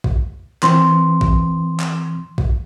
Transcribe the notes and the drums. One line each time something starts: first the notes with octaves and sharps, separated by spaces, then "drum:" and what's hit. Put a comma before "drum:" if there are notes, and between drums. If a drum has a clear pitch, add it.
drum: kick A#1
E3 C4 C6, drum: clap
drum: kick A#1
drum: clap
drum: kick A#1